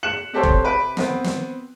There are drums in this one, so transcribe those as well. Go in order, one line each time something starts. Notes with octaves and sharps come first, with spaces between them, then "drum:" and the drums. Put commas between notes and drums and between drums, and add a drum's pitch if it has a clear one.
F#6 C#7 E7 F#7
C4 G4 A4 C5 C#5
drum: kick F1
C3 B4 D7
B3 C4, drum: snare
drum: snare